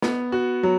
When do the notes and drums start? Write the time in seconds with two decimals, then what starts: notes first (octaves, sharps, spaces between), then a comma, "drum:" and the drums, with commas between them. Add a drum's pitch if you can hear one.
0.02 B3, drum: snare
0.32 F#4
0.63 F#3